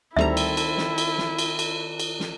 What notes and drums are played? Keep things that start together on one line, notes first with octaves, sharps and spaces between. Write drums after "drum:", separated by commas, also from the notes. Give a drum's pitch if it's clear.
D2 D#3 G3 C4 E4 A4 E5 A#5
drum: cymbal
drum: cymbal
drum: snare
drum: cymbal
drum: snare
drum: cymbal
drum: cymbal
drum: cymbal
drum: snare